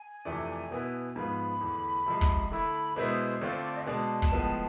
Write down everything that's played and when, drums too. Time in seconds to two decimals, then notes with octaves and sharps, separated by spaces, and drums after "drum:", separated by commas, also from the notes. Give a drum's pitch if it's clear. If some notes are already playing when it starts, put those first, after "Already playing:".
Already playing: G#5
0.25 F2 C3 E3 A3 D4
0.71 B2 B3 E4 G#5
1.16 G#2 F3 B3 F4 B5
1.61 E2 D3 A3
2.06 C3 F3 G#3
2.21 drum: kick
2.51 D3 A3 E4 B5
2.96 B2 G#3 B3 E4 C5
3.41 D3 A3 C4 F4 D5
3.86 B2 G#3 D4 A5
4.22 drum: kick
4.32 A2 F3 G#3 B3